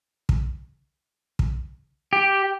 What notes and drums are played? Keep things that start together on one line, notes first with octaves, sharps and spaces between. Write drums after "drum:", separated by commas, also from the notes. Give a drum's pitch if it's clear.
drum: kick
drum: kick
G4